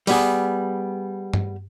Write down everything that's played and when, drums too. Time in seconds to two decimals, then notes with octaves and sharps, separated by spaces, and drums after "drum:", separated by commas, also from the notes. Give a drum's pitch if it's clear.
0.07 G3 B3 G#4, drum: open hi-hat
1.34 drum: tom G2